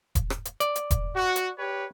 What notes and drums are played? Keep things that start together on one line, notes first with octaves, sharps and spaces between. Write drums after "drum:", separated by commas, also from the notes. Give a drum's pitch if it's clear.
drum: kick E1, hi-hat
drum: rim click
drum: hi-hat
D5, drum: hi-hat
drum: hi-hat
drum: kick E1, hi-hat
F#4
drum: hi-hat
G4 B4 C#5